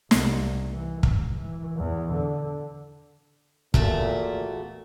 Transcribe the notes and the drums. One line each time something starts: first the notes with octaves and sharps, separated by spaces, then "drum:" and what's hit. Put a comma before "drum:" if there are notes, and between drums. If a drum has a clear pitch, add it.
C2, drum: snare
E3
G#2, drum: kick
E3
E2
D3
E2 A#2 A3 F#4, drum: kick